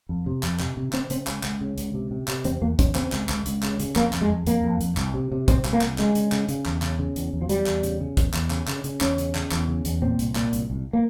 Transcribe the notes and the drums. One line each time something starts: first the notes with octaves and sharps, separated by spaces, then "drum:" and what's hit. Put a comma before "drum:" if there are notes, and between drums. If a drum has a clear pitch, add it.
F2
C3
F2, drum: clap
C3, drum: clap
C3
C#3 C4, drum: clap
C#3 C4, drum: hi-hat
C#2, drum: clap
C#2, drum: clap
C#3
C#2, drum: hi-hat
C3
C3
C3, drum: clap
E2 C4, drum: hi-hat
E2 A#3
E2 C#4, drum: kick, hi-hat
C#3 C4, drum: clap
C#2, drum: clap
C#2, drum: clap
C#2, drum: hi-hat
C#3, drum: clap
C#3, drum: hi-hat
F2 A#3, drum: clap
F2, drum: clap
G#3
F2
F2 A#3, drum: hi-hat
F2
F2, drum: hi-hat
C2, drum: clap
C3
C3
C3 C4, drum: kick, hi-hat
C2, drum: clap
A#3
C2, drum: clap
C#3 G#3, drum: clap
C#3, drum: hi-hat
C#3, drum: clap
C#3, drum: hi-hat
E2, drum: clap
C#3, drum: clap
C#3
E2, drum: hi-hat
E2
F3
E2 G3, drum: hi-hat
E2, drum: clap
C#3, drum: hi-hat
C#3
E2, drum: kick, hi-hat
E2, drum: clap
C#3, drum: clap
C#3, drum: clap
C#3, drum: hi-hat
E2 C#4, drum: clap
C#3, drum: hi-hat
C#3, drum: clap
E2, drum: clap
C#3
E2, drum: hi-hat
A#2 C4
C2, drum: hi-hat
A#2, drum: clap
C2, drum: hi-hat
C2
A#3